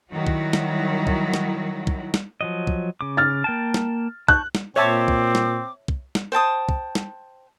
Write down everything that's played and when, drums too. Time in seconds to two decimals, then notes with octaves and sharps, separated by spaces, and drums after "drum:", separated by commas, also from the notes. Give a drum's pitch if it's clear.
0.12 D#3 F#3 G3 E4 F#4
0.27 drum: kick
0.53 drum: snare
1.07 drum: kick
1.34 drum: snare
1.87 drum: kick
2.14 drum: snare
2.41 F3 F#3 D#5
2.67 drum: kick
3.01 C#3 D6
3.17 F6 A6
3.44 A#3 G5 A5
3.74 drum: snare
4.28 A5 C#6 F#6 G6, drum: kick
4.55 drum: snare
4.76 A#2 C4 C#5 E5 A5 D6
5.08 drum: kick
5.35 drum: snare
5.88 drum: kick
6.15 drum: snare
6.32 C5 G5 A5 D#6
6.69 drum: kick
6.95 drum: snare